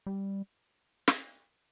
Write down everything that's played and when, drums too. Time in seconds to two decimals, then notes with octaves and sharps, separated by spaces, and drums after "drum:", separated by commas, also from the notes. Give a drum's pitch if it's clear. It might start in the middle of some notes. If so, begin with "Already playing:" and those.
0.07 G3
1.08 drum: snare